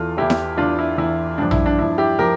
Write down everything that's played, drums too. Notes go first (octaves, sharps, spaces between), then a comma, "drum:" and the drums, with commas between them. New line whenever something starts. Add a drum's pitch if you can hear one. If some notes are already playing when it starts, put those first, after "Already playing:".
Already playing: E2 E3 F4 A4
E2 E3 E4 G4
drum: snare E4
E2 E3 D4 F4
E4
E2 E3 E4
G2 F3 D4
E4, drum: tom A#1
D4
G2 F3 E4
E4 G4
F3 G4 A#4